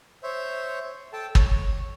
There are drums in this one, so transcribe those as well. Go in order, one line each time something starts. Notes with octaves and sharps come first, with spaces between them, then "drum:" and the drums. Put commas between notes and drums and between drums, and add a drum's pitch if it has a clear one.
C5 C#5 E5
A4 G5 A5
C#5, drum: kick